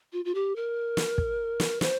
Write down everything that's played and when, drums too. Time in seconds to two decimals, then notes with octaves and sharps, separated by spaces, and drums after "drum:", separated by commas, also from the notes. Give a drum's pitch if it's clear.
0.13 F4
0.25 F4
0.35 G4
0.56 A#4
0.97 drum: snare
1.18 drum: kick
1.60 drum: snare
1.81 C5, drum: snare